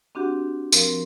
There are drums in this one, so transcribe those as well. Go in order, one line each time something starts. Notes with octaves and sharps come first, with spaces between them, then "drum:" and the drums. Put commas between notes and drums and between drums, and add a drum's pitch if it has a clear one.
C4 D4 F#4 G4 F#5
F3 C4 A#4, drum: tambourine